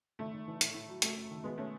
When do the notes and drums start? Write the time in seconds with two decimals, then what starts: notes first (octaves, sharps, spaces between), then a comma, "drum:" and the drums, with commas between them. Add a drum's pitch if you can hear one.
0.19 G#1 A3
0.33 G#1
0.48 E3
0.61 A2, drum: hi-hat
0.74 A2
0.89 F#3
1.02 F#3 A3, drum: hi-hat
1.17 F#2
1.30 D#3
1.44 B2 G#3 B3
1.58 A3 C#4